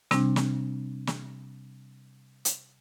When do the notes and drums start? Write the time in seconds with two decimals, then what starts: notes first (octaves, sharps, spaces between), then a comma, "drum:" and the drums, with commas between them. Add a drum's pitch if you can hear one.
0.11 C3 G3 C4 D4, drum: snare
0.36 drum: snare
1.07 drum: snare
2.45 drum: hi-hat